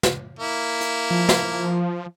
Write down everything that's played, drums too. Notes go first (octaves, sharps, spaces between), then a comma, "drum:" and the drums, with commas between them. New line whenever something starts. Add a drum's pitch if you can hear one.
drum: snare
A#3 E4
drum: hi-hat
F3
drum: snare